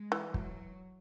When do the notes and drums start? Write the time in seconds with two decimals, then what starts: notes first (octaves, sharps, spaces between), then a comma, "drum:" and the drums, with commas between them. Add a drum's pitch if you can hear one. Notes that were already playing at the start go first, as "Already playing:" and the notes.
Already playing: G#3
0.12 E3
0.34 F#3, drum: kick